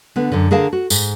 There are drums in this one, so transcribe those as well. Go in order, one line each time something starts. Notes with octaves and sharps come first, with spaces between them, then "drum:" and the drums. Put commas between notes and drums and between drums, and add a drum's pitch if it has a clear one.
D3 B3
F#2 D3
D3 G#4 A#4 F5 A5
F#4
G#2, drum: tambourine